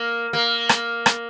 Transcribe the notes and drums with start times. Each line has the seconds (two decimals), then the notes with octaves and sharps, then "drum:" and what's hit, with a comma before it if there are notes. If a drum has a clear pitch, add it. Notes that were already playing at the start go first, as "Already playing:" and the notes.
Already playing: A#3
0.33 A#3
0.69 drum: rim click
1.06 drum: rim click